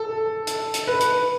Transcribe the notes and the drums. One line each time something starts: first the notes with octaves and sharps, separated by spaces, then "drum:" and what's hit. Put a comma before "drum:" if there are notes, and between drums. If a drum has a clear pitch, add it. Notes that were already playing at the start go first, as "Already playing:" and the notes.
Already playing: A4
drum: hi-hat
drum: hi-hat
B4
drum: hi-hat